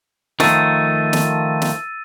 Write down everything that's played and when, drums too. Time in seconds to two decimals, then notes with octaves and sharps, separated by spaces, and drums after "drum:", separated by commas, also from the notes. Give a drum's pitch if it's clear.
0.40 D#3 F3 A3 E6 A6 D#7, drum: snare
1.13 drum: snare
1.62 drum: snare